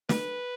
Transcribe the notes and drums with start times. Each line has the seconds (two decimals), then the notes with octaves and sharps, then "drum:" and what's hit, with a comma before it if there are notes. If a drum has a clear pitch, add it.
0.09 B4, drum: snare